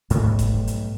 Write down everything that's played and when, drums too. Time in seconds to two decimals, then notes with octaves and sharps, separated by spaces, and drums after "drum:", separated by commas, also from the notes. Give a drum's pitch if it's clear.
0.10 B1 G#2 G3 A3, drum: hi-hat
0.39 drum: kick F#1, hi-hat
0.67 drum: hi-hat